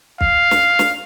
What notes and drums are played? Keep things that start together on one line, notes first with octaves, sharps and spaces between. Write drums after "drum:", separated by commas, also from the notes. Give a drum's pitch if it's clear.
F5, drum: kick
drum: snare
drum: snare